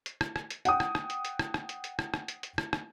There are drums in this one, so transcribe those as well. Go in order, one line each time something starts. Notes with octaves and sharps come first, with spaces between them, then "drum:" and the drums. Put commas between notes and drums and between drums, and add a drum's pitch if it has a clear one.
drum: hi-hat
drum: rim click
drum: rim click
drum: hi-hat
F#5 G5 D#6, drum: hi-hat
drum: rim click
drum: rim click
drum: hi-hat
drum: hi-hat
drum: rim click
drum: rim click
drum: hi-hat
drum: hi-hat
drum: rim click
drum: rim click
drum: hi-hat
drum: hi-hat
drum: rim click
drum: rim click